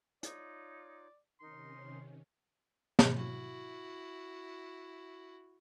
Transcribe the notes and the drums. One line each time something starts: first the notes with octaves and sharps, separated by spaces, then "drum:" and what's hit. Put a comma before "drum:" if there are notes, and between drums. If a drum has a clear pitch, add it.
D#4 F4 C#5 D5, drum: hi-hat
C3 D#3 C#4 D#4 A#4 C6
drum: snare
E4 F#4